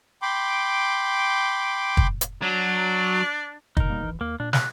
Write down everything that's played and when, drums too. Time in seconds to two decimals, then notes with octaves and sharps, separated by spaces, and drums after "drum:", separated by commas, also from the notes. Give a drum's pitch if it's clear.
0.22 G5 B5 C6 D6
1.97 drum: kick
2.21 drum: hi-hat
2.42 F#3 D4
3.77 A#2 D3 D#3 D#4 A#4, drum: kick
3.90 B2 G3 A#3
4.02 D1 G#1 E3
4.21 D#2 A#3
4.40 A#2 D4
4.53 F#6, drum: snare